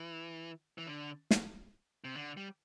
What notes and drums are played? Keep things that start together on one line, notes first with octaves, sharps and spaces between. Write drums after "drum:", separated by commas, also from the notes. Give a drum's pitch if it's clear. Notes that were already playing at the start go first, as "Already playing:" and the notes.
Already playing: E3
E3
D3
drum: snare
C3
D3
G3